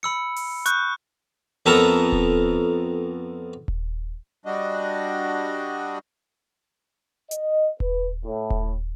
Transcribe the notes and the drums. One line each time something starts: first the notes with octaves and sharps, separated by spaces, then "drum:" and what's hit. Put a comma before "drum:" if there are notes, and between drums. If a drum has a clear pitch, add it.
B5 E6 C#7
drum: open hi-hat
C#6 F#6 G6, drum: hi-hat
F2 B3 A4 A#4 A#5
drum: kick D#1
drum: kick D#1
G3 D4 F#4 D#5
D#5, drum: hi-hat
B4, drum: kick D#1
A2
drum: kick D#1